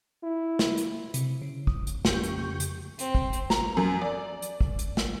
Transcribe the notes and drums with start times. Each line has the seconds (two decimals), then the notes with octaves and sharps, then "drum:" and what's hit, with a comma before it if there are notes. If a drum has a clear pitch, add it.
0.23 E4
0.59 drum: snare
0.77 drum: hi-hat
1.14 C3, drum: hi-hat
1.42 C#3
1.67 D#6, drum: kick
1.87 drum: hi-hat
2.05 F2 C#3 G4 C#6 G6, drum: snare
2.23 drum: hi-hat
2.60 drum: hi-hat
2.99 C4, drum: hi-hat
3.15 drum: kick
3.33 drum: hi-hat
3.50 A#5, drum: snare
3.77 F#2
4.01 D5
4.42 drum: hi-hat
4.61 drum: kick
4.79 drum: hi-hat
4.97 drum: snare